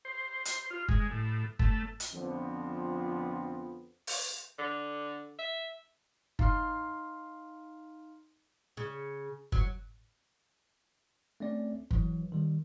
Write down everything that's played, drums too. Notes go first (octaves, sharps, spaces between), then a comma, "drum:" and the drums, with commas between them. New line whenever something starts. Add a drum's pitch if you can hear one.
C5
drum: hi-hat
F4
G#3, drum: kick
A2
A3, drum: kick
drum: hi-hat
F2 D3 F3 B3 C4
drum: open hi-hat
D3
E5
D#4 F5 C6 F6, drum: kick
C#3
F#3, drum: kick
A3 C4 C#4 D5
E3 F#3, drum: kick
D#3 G3